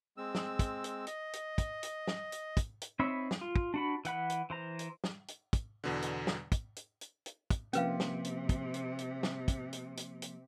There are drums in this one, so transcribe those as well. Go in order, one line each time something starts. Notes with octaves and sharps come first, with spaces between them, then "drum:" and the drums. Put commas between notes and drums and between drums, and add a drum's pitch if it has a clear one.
G#3 C4 E6
drum: snare
drum: kick, hi-hat
drum: hi-hat
D#5, drum: hi-hat
drum: hi-hat
drum: kick, hi-hat
drum: hi-hat
drum: snare
drum: hi-hat
drum: kick, hi-hat
drum: hi-hat
C4 D#4 C#5 E5 B5
drum: snare
F4
drum: kick
D4 F#4 B5
E3 F#5 B5, drum: hi-hat
drum: hi-hat
E3 C5 A#5
drum: hi-hat
drum: snare
drum: hi-hat
drum: kick, hi-hat
E2 B2 D3
drum: hi-hat
drum: snare
drum: kick, hi-hat
drum: hi-hat
drum: hi-hat
drum: hi-hat
drum: kick, hi-hat
C3 F3 A#3 C#4 B4 F5, drum: hi-hat
drum: snare
drum: hi-hat
drum: kick, hi-hat
drum: hi-hat
drum: hi-hat
drum: snare
drum: kick, hi-hat
drum: hi-hat
drum: hi-hat
drum: hi-hat